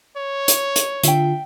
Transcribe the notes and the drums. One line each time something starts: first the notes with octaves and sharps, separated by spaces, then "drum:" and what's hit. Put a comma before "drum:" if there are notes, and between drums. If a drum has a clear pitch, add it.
C#5
drum: hi-hat
drum: hi-hat
D3 F4 E5 G5, drum: hi-hat